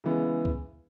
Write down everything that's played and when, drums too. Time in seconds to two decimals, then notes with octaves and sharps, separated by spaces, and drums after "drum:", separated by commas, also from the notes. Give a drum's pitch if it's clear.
0.04 C#3 E3 G#3 B3
0.45 drum: kick C#2